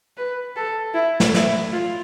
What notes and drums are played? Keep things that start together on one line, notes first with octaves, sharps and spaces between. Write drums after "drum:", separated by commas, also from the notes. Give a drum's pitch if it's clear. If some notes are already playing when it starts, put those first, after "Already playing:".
B4
A4
E4
drum: snare
E4, drum: snare
F4